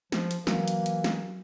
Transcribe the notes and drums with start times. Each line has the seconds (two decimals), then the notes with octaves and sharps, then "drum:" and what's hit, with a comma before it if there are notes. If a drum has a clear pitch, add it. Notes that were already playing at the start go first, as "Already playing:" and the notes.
0.12 F3, drum: snare
0.31 drum: hi-hat
0.47 E3 F#3 A#3, drum: snare
0.68 drum: hi-hat
0.86 drum: hi-hat
1.04 drum: snare